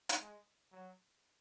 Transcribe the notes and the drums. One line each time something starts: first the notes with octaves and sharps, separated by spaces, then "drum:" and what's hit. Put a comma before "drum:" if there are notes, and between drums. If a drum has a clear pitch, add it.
drum: hi-hat
G#3
F#3